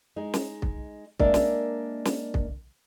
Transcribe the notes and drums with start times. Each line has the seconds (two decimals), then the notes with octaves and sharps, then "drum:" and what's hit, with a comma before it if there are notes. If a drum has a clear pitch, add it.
0.16 G#3 D#4
0.34 drum: snare
0.62 drum: kick
1.19 G#3 A#3 D4 A#4 D5 E5, drum: kick
1.34 drum: snare
2.05 drum: snare
2.34 drum: kick